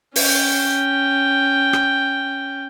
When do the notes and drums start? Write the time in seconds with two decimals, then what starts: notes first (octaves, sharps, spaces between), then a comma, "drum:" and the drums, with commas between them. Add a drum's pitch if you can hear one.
0.16 C#4 G5, drum: open hi-hat
1.73 drum: rim click